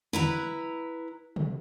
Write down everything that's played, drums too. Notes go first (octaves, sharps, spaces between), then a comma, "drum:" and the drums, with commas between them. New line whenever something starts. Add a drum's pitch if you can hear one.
E4 B4 A#5, drum: tom D3
drum: tom C3